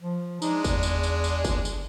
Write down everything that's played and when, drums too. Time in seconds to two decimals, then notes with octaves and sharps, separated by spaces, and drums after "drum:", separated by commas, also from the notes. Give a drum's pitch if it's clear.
0.01 F3
0.42 G#3 D4 D#4, drum: tambourine
0.64 E2, drum: kick G1, tambourine
0.83 drum: tambourine
1.03 drum: tambourine
1.24 drum: tambourine
1.44 drum: kick G1, tambourine
1.65 drum: tambourine